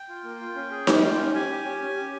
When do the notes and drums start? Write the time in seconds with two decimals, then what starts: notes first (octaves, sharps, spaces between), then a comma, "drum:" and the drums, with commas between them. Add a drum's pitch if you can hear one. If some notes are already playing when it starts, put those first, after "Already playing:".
Already playing: G5
0.09 F4
0.24 A#3
0.41 F4
0.55 C#4
0.71 G#4
0.87 C#4, drum: snare D#4
1.03 F4
1.19 C#4
1.34 G4 G#5
1.50 G4
1.65 C#4
1.81 C#4
1.97 G4